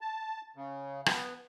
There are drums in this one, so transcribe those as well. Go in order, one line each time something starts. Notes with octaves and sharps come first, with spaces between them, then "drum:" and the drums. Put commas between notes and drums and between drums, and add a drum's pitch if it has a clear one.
A5
C#3
B3, drum: rim click